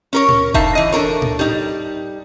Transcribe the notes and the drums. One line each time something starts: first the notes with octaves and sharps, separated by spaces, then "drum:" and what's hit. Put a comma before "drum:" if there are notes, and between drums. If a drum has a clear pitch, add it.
C#4 A#4 C#5
drum: tom A2
D3 D#4 E5 F5 A5, drum: kick F1
E3 D#5
D4 A4 A#4 C#5
drum: tom A2
G3 D#4